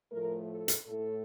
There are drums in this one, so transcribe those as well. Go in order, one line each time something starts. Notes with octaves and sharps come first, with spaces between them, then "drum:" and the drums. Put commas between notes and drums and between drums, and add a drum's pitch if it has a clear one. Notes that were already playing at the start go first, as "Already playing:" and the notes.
A2 F3 A3 A#4
A4
drum: hi-hat
A2 A3 A4